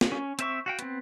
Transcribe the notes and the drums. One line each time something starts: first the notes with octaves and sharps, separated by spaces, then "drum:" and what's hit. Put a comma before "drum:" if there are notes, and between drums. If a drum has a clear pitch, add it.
drum: snare
C#4
C4 E5 C#6, drum: hi-hat
F#4 F5 G5
B3 C4, drum: hi-hat